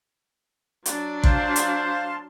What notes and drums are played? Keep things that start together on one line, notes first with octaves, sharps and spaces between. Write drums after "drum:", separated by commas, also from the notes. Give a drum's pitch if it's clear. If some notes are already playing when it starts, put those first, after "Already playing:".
F#3 D4, drum: hi-hat
C5 F5 A5 C6, drum: kick
drum: hi-hat